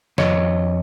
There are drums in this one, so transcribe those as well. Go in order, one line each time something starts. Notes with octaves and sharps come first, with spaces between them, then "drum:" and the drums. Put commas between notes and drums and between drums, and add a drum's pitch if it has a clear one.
F2 C#5 D#5, drum: snare